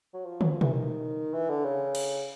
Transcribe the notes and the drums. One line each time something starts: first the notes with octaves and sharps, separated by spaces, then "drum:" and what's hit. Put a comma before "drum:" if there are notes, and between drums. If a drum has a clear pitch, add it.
F#3
F3
F#3, drum: tom
F3
E3, drum: tom B2
D#3
E3
D3
C#3
drum: cymbal